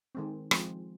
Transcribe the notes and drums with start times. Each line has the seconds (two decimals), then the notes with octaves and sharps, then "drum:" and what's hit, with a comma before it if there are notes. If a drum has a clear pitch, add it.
0.15 D#3 G#3 C4
0.51 F3 G#3 C4, drum: rim click